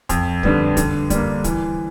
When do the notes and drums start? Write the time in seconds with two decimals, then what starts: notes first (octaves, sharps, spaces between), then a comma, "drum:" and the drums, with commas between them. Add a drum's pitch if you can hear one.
0.09 F2, drum: kick, hi-hat
0.43 D3 G3 B3, drum: kick
0.77 D3, drum: kick, hi-hat
1.10 G3 A#3, drum: kick, hi-hat
1.44 E3, drum: kick, hi-hat